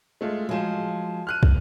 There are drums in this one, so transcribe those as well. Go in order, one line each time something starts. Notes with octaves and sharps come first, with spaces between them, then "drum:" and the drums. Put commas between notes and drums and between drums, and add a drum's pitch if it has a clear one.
G#3 A3 F4
F3 F#3 G#3 G#5 E7
F6 F#6 D#7
drum: kick